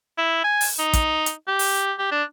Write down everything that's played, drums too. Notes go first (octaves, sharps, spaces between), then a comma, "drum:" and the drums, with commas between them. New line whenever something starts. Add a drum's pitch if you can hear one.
E4
G#5
drum: open hi-hat
D#4
drum: kick, hi-hat
drum: hi-hat
G4
drum: open hi-hat
G4
D4